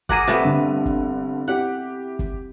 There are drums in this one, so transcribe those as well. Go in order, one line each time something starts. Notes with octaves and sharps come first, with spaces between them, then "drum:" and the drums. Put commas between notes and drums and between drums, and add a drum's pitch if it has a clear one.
G#4 A#4 F#5 D6 A#6 D#7, drum: kick
C3 A3 B3
G2 D3
drum: kick
E4 G4 F#5
drum: kick